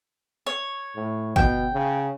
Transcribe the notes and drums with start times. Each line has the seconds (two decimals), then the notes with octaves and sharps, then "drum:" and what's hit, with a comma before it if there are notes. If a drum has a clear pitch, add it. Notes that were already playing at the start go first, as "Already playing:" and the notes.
0.47 C#5
0.96 A2
1.36 B2 G5, drum: kick
1.73 C#3